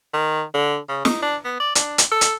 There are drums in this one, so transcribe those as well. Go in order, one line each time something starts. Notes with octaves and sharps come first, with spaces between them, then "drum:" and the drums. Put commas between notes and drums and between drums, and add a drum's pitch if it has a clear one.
D#3
D3
C#3
D#4, drum: snare
D4
B3
D5
D4, drum: hi-hat
drum: hi-hat
A4
drum: hi-hat